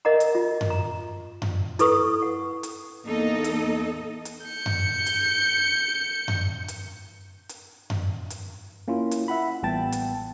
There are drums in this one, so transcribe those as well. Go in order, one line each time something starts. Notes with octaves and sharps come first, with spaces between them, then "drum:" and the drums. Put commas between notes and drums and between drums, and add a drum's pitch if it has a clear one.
A#4 D#5 E5 F#5 A#5
drum: hi-hat
F4
drum: tom F#2
A#5
drum: tom F#2
E4 A4 B4 C#6 D#6, drum: hi-hat
F#5
drum: hi-hat
E2 A#3 D#4 A4 D#5
drum: hi-hat
drum: hi-hat
G6 C#7
drum: tom F#2
drum: hi-hat
drum: tom F#2
drum: hi-hat
drum: hi-hat
drum: tom F#2
drum: hi-hat
A#3 C#4 E4 F4
drum: hi-hat
E5 F#5 B5
A1 G3 B3 G5 A5 A6
drum: hi-hat